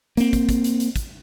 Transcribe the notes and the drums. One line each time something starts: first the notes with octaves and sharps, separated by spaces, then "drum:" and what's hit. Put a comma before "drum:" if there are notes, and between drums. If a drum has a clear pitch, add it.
A#3 C4, drum: hi-hat
drum: kick, hi-hat
drum: kick, hi-hat
drum: hi-hat
drum: hi-hat
drum: kick, hi-hat